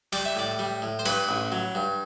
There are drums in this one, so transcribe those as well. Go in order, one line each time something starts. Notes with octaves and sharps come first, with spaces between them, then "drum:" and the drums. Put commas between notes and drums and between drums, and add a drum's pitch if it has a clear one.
G3 D5, drum: cymbal
E5
A2 D5
G3
A2
C5
G2 B4, drum: cymbal
A1
F#3
G2